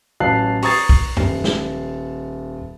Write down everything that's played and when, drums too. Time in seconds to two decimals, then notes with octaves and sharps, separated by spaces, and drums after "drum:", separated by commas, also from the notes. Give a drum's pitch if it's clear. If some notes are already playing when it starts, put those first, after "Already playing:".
0.20 A1 F#3 F5 A5 F#6 C7
0.62 A#5 C#6 D#6 G#6 A6 C7, drum: open hi-hat
0.89 drum: kick
1.17 D#1, drum: tom F#2
1.44 drum: snare